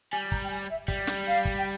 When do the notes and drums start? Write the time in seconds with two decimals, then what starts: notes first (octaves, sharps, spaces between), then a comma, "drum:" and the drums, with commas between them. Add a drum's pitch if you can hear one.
0.12 G3 G#5
0.32 A#5, drum: kick
0.43 G5
0.50 G#5
0.62 C#5
0.70 E5
0.88 G3, drum: kick
1.07 drum: snare
1.27 F5
1.45 drum: kick
1.58 G5